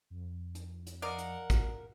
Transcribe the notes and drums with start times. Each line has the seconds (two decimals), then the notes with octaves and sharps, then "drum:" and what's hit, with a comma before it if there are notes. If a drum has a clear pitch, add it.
0.10 F2
0.55 drum: hi-hat
0.86 drum: hi-hat
1.02 A#4 D5 D#5 F5 F#5
1.18 drum: hi-hat
1.50 drum: kick, hi-hat